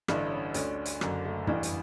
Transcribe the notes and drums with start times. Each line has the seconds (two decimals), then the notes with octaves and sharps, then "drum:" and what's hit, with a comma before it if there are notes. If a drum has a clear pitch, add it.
0.08 A1 G2 D3 E4, drum: rim click
0.31 C#4
0.54 D2 D3 C#4, drum: hi-hat
0.86 drum: hi-hat
1.01 F#1 F#2 D3, drum: rim click
1.25 A3
1.47 A1 G2 E3 G3, drum: tom
1.63 drum: hi-hat